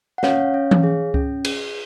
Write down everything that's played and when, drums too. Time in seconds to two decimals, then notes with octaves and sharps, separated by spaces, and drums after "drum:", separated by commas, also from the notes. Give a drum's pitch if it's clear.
0.18 F#5
0.23 C#4 C#5 F5, drum: snare
0.54 C#4
0.71 drum: tom E3
0.83 G#4
1.14 C#4, drum: kick C#2
1.45 G#4, drum: cymbal